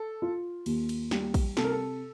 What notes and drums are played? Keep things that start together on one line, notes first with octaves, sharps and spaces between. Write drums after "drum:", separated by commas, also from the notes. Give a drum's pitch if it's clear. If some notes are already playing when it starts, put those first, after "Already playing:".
Already playing: A4
F4
D#2, drum: cymbal
drum: cymbal
G3, drum: snare
drum: kick, cymbal
C3 A4, drum: snare
A#4
A4